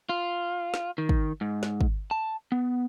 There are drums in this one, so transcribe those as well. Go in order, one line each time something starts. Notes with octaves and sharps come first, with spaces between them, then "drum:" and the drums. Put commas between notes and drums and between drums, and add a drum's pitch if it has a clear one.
F4
drum: snare
D#3
drum: kick
G#2
drum: snare
drum: kick
A5
B3